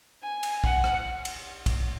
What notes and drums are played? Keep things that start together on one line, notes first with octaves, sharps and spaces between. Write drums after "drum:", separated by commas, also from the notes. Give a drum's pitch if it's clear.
G#5
drum: cymbal
F#5, drum: kick
drum: rim click
drum: cymbal
drum: kick, cymbal